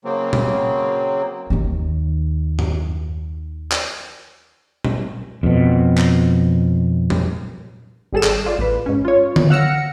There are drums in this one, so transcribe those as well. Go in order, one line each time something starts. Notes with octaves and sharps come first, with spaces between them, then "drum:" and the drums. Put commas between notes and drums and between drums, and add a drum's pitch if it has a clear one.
C#3 F#3 A#3 C4
drum: tom
D#2 D#3
drum: tom F#2
drum: clap
drum: tom
F2 B2
drum: clap
drum: tom
G#1 G3 G#4 A4 E7
drum: clap
F4 D5
A1 B4
G#2 C#4
F4 C#5
drum: tom D3
F5 F#5 E6 F6 A#6 C#7